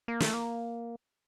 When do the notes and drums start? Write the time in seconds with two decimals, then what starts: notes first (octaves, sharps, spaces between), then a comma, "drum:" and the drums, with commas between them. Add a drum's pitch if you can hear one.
0.08 A#3
0.20 A3, drum: snare
0.34 A#3